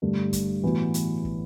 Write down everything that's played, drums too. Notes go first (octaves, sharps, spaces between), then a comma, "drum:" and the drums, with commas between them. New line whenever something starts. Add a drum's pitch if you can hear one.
G2 D3 A3
drum: kick, hi-hat
A2 E3 B3 F#4
drum: hi-hat
drum: kick